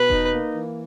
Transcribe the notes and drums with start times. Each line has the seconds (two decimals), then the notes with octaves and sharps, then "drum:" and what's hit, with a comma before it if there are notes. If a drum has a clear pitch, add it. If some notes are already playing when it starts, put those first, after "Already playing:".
Already playing: B2 B4
0.10 D#4, drum: kick E1
0.32 A#3
0.53 E3